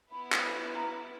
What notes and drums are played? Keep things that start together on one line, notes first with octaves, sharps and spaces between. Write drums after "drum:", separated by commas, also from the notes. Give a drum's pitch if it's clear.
B3 E4 B4 B5
drum: clap
B5
A#5